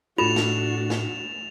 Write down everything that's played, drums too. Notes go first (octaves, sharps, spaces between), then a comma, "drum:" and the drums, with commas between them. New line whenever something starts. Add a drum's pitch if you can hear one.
A2 D4 F4 F#4 A4 A6 E7 F7
drum: snare
drum: snare